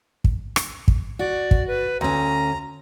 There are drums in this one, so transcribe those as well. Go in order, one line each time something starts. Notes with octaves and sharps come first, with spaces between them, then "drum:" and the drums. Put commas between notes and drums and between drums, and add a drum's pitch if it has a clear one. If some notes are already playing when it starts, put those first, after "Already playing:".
drum: kick
drum: rim click
drum: kick
F#4 D5
drum: kick
B4
D2 C#4 A#5